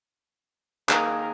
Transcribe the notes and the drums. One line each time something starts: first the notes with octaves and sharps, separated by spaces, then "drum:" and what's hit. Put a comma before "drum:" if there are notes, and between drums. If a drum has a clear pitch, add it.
D#3 A#3 G#4 A#4, drum: clap